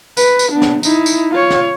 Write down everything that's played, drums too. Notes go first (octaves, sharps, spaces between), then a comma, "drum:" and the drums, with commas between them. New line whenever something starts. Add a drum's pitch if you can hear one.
B4, drum: tambourine
drum: tambourine
B3 D4
drum: snare
D#4 E4, drum: tambourine
drum: tambourine
F4 C#5
drum: snare